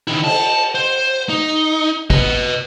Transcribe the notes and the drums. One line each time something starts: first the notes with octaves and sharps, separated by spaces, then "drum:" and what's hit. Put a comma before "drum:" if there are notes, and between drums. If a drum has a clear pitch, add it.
D#3 E4
A5, drum: cymbal
C5
D#4
B4 D#5, drum: kick